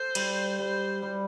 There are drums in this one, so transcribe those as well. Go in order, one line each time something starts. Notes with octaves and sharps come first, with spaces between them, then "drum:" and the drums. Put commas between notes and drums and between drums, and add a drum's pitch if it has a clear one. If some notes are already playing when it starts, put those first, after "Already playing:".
Already playing: A4 C5
G3, drum: cymbal
G3 C5
G3